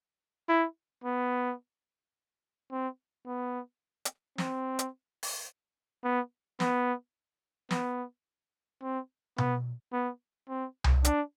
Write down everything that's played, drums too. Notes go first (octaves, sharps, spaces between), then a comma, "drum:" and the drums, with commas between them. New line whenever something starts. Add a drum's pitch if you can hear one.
E4
B3
C4
B3
drum: hi-hat
C4, drum: snare
drum: hi-hat
drum: open hi-hat
B3
B3, drum: snare
B3, drum: snare
C4
B3, drum: tom B2
B3
C4
drum: tom C2
D4, drum: hi-hat